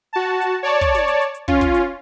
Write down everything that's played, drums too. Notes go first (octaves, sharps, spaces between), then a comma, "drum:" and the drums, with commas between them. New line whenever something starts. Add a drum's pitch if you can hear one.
F#4 A5
drum: hi-hat
C#5 D5 A5
drum: kick, hi-hat
drum: snare
drum: hi-hat
drum: hi-hat
drum: hi-hat
C#4 F4, drum: kick
drum: kick, hi-hat
drum: hi-hat